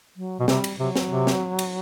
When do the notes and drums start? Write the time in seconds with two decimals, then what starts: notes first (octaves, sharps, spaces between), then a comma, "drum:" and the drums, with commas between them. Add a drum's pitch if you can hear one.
0.17 F#3
0.40 B2 F#3
0.48 C3 G3, drum: snare
0.64 drum: cymbal
0.79 C3 F#3
0.96 drum: snare
1.11 C3
1.27 drum: snare
1.59 drum: cymbal